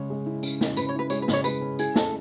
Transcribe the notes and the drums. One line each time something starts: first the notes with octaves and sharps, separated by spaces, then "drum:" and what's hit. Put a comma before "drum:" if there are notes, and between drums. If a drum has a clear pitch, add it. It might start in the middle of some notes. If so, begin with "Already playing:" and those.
Already playing: C#3 G#3 C#5
G#3
E4
C#4, drum: tambourine
E4, drum: snare
C#3 B4, drum: tambourine
C#5
E4 B4
G#3 C#5, drum: tambourine
B4
C#3, drum: snare
C#5
G#3 B4, drum: tambourine
C#4
E4 G#4, drum: tambourine
E4 A4, drum: snare